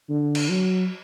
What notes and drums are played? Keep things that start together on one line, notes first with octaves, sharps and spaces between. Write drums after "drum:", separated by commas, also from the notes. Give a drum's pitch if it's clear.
D3
drum: cymbal
F#3